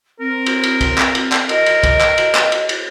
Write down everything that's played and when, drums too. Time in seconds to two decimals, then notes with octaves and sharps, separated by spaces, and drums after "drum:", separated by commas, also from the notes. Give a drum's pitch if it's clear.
0.20 C4 A#4
0.46 drum: cymbal
0.63 drum: cymbal
0.81 drum: kick, cymbal
0.98 drum: clap
1.15 drum: cymbal
1.32 drum: clap
1.49 A#4 D#5, drum: cymbal
1.66 drum: cymbal
1.83 drum: kick, cymbal
2.01 drum: clap
2.18 drum: cymbal
2.35 drum: clap
2.52 drum: cymbal
2.69 drum: cymbal